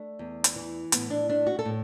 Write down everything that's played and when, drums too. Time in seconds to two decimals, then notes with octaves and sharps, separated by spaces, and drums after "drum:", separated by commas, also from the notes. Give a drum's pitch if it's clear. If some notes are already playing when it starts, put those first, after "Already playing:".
Already playing: A3 D4
0.19 E2
0.44 drum: hi-hat
0.56 E3
0.92 A2 B3, drum: hi-hat
1.10 D4
1.29 A3 D4
1.47 F#4
1.59 A4
1.65 A2